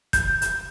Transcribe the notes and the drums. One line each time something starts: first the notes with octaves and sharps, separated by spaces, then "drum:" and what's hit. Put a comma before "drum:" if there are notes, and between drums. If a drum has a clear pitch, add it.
G6, drum: kick, hi-hat
drum: hi-hat